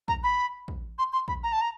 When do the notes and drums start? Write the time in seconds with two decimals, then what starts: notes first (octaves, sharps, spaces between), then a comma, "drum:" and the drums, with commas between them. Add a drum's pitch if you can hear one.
0.08 A#5, drum: kick
0.23 B5
0.68 drum: kick
0.99 C6
1.13 C6
1.28 B5, drum: kick
1.43 A#5
1.52 A5
1.61 A#5